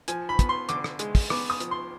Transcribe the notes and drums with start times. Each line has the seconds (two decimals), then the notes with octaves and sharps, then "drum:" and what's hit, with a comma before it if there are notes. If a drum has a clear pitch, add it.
0.08 F3 G#5, drum: hi-hat
0.29 B5
0.39 B3, drum: kick, hi-hat
0.49 C6
0.69 D3 D6, drum: hi-hat
0.84 drum: rim click
0.99 G#3, drum: hi-hat
1.15 drum: kick, open hi-hat
1.30 B3 D6, drum: rim click
1.50 D#6
1.60 F3, drum: hi-hat
1.71 C6